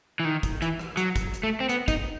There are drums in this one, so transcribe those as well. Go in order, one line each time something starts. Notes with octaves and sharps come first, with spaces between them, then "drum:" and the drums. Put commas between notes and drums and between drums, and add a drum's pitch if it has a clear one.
E3
D#3
drum: kick, hi-hat
E3, drum: hi-hat
drum: rim click
F#3, drum: hi-hat
drum: kick, hi-hat
drum: hi-hat
A3
C4
B3, drum: hi-hat
D#4, drum: kick, hi-hat